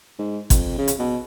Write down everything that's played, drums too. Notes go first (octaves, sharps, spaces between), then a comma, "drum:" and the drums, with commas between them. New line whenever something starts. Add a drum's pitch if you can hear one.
G#2
F2, drum: kick G#1, hi-hat
C#3
drum: hi-hat
B2